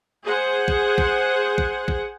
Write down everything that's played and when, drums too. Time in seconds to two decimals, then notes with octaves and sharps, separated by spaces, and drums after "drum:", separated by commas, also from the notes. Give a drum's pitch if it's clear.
0.23 G#4 C5 F#5
0.68 drum: kick A#1
0.98 drum: kick A#1
1.58 drum: kick A#1
1.88 drum: kick A#1